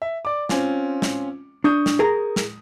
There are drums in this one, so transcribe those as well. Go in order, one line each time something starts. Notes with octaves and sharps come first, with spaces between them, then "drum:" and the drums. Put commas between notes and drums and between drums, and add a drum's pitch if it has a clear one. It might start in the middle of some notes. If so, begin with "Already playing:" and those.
E5
D5 D6
C4 C#4 F4, drum: snare
drum: snare
D4 C#6 D#6 G6
drum: snare
G#4 A#4 A#5
drum: snare